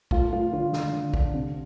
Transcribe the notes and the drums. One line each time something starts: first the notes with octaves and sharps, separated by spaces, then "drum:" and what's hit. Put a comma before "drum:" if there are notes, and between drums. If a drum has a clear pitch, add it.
A3 F4, drum: kick
A3 F4
D3 F4
D3, drum: snare
D3
D3, drum: kick
C3